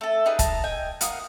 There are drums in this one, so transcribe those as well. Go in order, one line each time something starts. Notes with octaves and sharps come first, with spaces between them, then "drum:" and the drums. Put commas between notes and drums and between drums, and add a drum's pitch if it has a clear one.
A3 A4
D#4 G4 G#4 B4
A5 A#5, drum: kick, hi-hat
D#5 G5 G#5
A#4 F5 F#5 D#6, drum: hi-hat